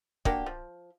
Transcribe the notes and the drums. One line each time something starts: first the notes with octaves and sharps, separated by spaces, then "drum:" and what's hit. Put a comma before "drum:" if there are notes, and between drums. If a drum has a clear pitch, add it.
A#3 D4 F#4 G4, drum: kick
F3